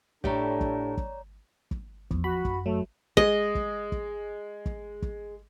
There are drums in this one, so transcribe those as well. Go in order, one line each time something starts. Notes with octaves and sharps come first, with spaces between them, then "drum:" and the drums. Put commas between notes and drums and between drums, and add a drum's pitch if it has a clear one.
A2 D4 G4 A4 C#5 D5 A#5, drum: kick
drum: kick
drum: kick
drum: kick
E2 F3, drum: kick
F#4 B5
F#2, drum: kick
F#3 A3
G#3 D#5, drum: kick
drum: kick
drum: kick
drum: kick
drum: kick